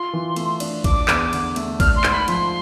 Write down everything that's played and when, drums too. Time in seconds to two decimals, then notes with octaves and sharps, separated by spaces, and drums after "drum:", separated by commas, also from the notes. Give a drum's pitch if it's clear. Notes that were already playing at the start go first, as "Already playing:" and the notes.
Already playing: F4 C6
0.13 E3
0.36 A3, drum: cymbal
0.60 D4, drum: cymbal
0.84 D4 D6, drum: kick A1, cymbal
1.08 E2, drum: clap
1.33 D3, drum: cymbal
1.56 A3, drum: cymbal
1.80 D4 F6, drum: kick A1, cymbal
1.96 C6
2.04 G#2, drum: clap
2.12 B5
2.28 F3 C6, drum: cymbal